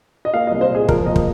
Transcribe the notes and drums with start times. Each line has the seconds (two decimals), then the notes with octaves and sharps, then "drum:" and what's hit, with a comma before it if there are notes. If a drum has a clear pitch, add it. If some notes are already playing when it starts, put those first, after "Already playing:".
0.25 D#5
0.34 A#3 F5
0.47 C2 D#5
0.61 C5
0.70 A#2 G#4
0.89 F3 A#4, drum: kick
1.06 A#3 D#5
1.16 drum: kick